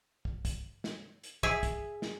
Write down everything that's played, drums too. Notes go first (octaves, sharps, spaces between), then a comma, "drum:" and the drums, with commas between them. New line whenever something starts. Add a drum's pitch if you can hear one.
drum: kick
drum: kick, hi-hat
drum: snare
drum: hi-hat
G#4 E5, drum: kick
drum: kick, hi-hat
drum: snare